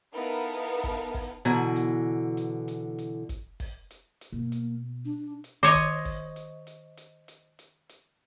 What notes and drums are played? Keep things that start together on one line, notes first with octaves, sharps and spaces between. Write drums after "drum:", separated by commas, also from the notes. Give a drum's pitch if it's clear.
B3 D#4 E4 A4 A#4 F5
drum: hi-hat
drum: kick, hi-hat
drum: kick, open hi-hat
B2 D3 E3 G#5 A#5, drum: hi-hat
drum: hi-hat
drum: hi-hat
drum: hi-hat
drum: hi-hat
drum: kick, hi-hat
drum: kick, open hi-hat
drum: hi-hat
drum: hi-hat
B2 A#3
drum: hi-hat
D4
drum: hi-hat
D#3 C5 C#5 D#5
drum: kick, hi-hat
drum: kick, open hi-hat
drum: hi-hat
drum: hi-hat
drum: hi-hat
drum: hi-hat
drum: hi-hat
drum: hi-hat